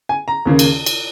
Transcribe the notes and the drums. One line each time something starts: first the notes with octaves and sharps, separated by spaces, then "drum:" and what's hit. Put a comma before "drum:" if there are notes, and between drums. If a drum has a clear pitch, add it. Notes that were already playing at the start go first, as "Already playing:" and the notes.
G#5
A#5
D#2 C#3 A#3
drum: cymbal
drum: cymbal